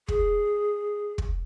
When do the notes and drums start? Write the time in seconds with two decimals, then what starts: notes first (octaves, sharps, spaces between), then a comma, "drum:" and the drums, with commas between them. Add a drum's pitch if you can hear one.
0.08 G#4, drum: kick
1.18 drum: kick